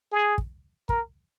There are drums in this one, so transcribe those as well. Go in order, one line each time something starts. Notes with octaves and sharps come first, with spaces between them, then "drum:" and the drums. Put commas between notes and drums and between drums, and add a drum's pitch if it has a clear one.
G#4
drum: kick
A#4, drum: kick